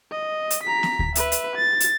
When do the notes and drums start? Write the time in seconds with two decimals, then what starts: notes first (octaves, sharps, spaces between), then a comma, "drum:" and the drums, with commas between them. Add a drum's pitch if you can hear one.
0.11 D#5
0.50 drum: hi-hat
0.63 A#5 B6
0.83 drum: snare B3
0.99 drum: kick D2
1.15 B4 E5, drum: hi-hat
1.32 drum: hi-hat
1.56 A6
1.80 drum: hi-hat